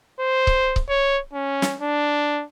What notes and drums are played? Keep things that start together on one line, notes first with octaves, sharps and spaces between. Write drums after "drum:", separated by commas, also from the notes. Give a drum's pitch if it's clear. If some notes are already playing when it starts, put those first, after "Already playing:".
C5
drum: kick C#1
drum: kick C#1
C#5
C#4
drum: snare
D4